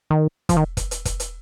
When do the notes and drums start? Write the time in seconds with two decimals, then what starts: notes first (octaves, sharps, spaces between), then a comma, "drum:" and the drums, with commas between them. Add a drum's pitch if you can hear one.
0.10 D#3
0.49 F3, drum: kick, hi-hat
0.56 D#3
0.77 drum: kick, hi-hat
0.91 drum: hi-hat
1.05 drum: kick, hi-hat
1.20 drum: hi-hat